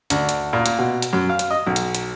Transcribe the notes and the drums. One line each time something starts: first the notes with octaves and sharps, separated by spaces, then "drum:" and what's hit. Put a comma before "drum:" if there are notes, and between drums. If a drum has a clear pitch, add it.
D2, drum: hi-hat
drum: hi-hat
A#2
drum: hi-hat
B2
drum: hi-hat
F#2
F5
drum: hi-hat
D#5
B1
drum: hi-hat
drum: hi-hat